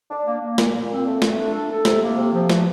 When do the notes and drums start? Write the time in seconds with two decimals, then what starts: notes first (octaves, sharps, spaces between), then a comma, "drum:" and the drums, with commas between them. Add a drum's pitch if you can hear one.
0.10 D4
0.26 A#3
0.42 A#3
0.58 A#2, drum: snare
0.74 A#2
0.89 C4
1.06 A3
1.22 A3, drum: snare
1.38 D4
1.53 A4
1.70 A4
1.85 C3, drum: snare
2.02 A#3
2.18 C3
2.33 F3
2.50 E3, drum: snare